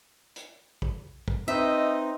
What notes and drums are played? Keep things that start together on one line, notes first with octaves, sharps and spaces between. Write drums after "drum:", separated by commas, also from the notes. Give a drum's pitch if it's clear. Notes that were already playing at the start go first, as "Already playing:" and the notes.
drum: hi-hat
drum: kick
drum: kick
C4 D#4 B4 D#5 E5